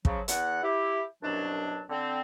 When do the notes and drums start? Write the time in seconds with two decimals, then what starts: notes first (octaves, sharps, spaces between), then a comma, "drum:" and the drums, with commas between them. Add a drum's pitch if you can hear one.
0.05 C#3 F3 F#3, drum: kick
0.28 E2 F#5, drum: hi-hat
0.62 E4 G4
1.23 C2 F#2 B2 F#3 D4
1.90 D3 C4